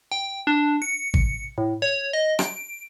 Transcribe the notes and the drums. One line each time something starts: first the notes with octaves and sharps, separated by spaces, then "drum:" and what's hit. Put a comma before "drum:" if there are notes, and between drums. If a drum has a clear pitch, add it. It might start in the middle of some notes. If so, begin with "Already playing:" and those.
G5
D4
C#7
drum: kick G#1
A2
C#5
D#5
D7, drum: rim click